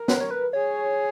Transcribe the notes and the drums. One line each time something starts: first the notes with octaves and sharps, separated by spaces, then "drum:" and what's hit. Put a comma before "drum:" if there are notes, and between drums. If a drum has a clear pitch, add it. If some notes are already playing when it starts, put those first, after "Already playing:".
Already playing: A#4
B4, drum: snare
C#5
B4
G#4 C#5